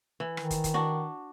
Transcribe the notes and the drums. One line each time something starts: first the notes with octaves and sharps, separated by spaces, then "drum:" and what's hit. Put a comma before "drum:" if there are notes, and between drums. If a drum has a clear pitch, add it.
E3
D#3, drum: rim click
drum: kick, hi-hat
drum: kick, hi-hat
D4 F#4